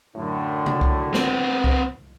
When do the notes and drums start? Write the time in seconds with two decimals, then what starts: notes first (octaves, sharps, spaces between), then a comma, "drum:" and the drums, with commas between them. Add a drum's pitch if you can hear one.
0.16 F#2 A2 D3
0.66 drum: tom C3
0.81 drum: kick C2
1.14 B3 C4, drum: snare
1.64 drum: kick C2